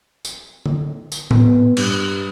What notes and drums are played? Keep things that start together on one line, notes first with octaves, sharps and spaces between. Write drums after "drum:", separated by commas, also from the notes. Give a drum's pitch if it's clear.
drum: tambourine
drum: tom D3
drum: tambourine
B3, drum: tom A2
G2, drum: cymbal